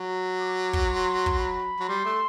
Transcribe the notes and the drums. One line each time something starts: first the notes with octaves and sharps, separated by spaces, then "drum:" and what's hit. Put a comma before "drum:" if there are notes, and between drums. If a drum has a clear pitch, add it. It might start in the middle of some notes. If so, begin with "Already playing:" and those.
Already playing: F#3
D6
drum: kick
C6
drum: kick
B5
F#3
G3 C6
A3